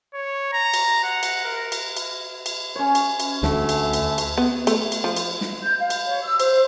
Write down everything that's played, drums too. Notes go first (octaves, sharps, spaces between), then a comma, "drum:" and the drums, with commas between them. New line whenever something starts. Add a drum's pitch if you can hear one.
C#5
A#5
drum: cymbal
F#5
drum: cymbal
A#4
drum: cymbal
drum: cymbal
drum: cymbal
C#4 C#5
drum: cymbal
drum: cymbal
D2 A3, drum: snare
drum: cymbal
drum: cymbal
drum: cymbal
B3
A3, drum: cymbal
drum: cymbal
F3
drum: cymbal
drum: snare
G6
F5
drum: cymbal
C#5
E6
C5, drum: cymbal